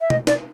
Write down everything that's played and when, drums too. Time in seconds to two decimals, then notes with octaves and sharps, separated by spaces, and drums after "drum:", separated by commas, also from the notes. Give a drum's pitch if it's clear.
0.01 E5
0.10 D#5, drum: tom B2
0.27 D5, drum: snare